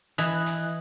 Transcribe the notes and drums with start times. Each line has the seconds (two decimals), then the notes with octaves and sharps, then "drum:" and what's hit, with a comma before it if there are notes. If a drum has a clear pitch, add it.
0.18 E3 D#5 F#6, drum: hi-hat
0.46 drum: hi-hat